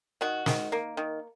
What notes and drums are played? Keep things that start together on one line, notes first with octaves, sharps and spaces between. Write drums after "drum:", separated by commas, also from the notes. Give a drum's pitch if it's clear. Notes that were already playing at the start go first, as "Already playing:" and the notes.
D#3 F#4
D#3, drum: snare
A#3
D#3